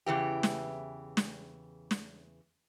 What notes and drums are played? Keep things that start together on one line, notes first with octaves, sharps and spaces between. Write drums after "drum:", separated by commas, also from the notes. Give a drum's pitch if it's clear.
E2 C#3 E3 G4
drum: snare
drum: snare
drum: snare